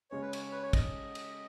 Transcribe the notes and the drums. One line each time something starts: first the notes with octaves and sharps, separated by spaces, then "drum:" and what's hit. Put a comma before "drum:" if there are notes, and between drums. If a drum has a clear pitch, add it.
C#3 G#3 C#4 C#5
B4
C#5, drum: cymbal
B4
C#5
D#5, drum: kick, cymbal
drum: cymbal